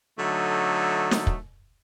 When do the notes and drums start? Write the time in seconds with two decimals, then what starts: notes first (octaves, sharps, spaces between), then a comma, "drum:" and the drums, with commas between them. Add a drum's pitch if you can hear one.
0.19 D3 F#3 A3 D#4
1.11 drum: snare
1.27 drum: kick